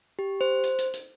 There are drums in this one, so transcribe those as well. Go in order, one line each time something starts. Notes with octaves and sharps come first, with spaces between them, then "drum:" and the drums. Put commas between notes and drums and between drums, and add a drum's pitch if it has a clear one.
G4
C5
drum: hi-hat
drum: hi-hat
drum: hi-hat